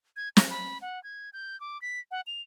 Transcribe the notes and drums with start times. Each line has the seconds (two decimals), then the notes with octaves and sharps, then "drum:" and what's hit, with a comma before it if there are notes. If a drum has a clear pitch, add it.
0.16 G#6
0.37 A#6, drum: snare
0.50 B5
0.81 F#5
1.03 G#6
1.33 G6
1.60 D6
1.82 B6
2.11 F#5
2.27 F7